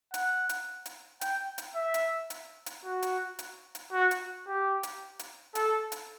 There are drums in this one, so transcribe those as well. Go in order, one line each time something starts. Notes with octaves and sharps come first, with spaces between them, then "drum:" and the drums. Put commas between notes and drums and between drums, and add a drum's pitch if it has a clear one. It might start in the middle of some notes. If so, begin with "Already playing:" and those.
F#5, drum: hi-hat
drum: hi-hat
drum: hi-hat
G5, drum: hi-hat
drum: hi-hat
E5
drum: hi-hat
drum: hi-hat
drum: hi-hat
F#4
drum: hi-hat
drum: hi-hat
drum: hi-hat
F#4
drum: hi-hat
G4
drum: hi-hat
drum: hi-hat
A4, drum: hi-hat
drum: hi-hat